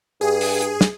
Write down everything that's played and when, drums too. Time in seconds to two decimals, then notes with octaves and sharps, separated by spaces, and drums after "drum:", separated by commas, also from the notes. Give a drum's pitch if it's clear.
0.21 G2 G#4
0.41 drum: open hi-hat
0.61 drum: hi-hat
0.81 drum: snare